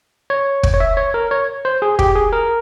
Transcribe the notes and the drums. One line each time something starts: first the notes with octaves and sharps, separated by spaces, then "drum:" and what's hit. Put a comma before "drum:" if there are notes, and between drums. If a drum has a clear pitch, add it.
C#5
drum: kick
C#5
E5
C#5
A#4
C#5
C5
G#4
G4, drum: kick
G#4
A#4